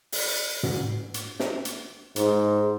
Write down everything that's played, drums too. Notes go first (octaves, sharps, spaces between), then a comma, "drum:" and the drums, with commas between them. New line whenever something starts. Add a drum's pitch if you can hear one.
drum: open hi-hat
drum: tom
drum: hi-hat
drum: snare
drum: hi-hat
G#2, drum: hi-hat